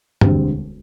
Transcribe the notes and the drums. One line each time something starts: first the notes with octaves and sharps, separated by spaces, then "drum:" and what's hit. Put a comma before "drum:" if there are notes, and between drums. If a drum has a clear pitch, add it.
E1 D2 D3 G3 C4, drum: tom G2